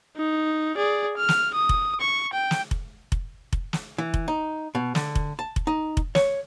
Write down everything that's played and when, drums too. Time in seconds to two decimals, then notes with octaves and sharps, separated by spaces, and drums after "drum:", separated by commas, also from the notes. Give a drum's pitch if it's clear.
0.17 D#4
0.76 G#4 D5
1.17 F6
1.29 drum: snare
1.55 D#6
1.69 drum: kick F1
2.00 C#6
2.33 G5
2.51 drum: snare
2.71 drum: kick F1
3.12 drum: kick F1
3.53 drum: kick F1
3.73 drum: snare
3.98 E3
4.14 drum: kick F1
4.28 D#4
4.75 B2
4.95 D3, drum: snare
5.15 drum: kick F1
5.39 A5
5.56 drum: kick F1
5.67 D#4
5.97 drum: kick F1
6.15 C#5, drum: snare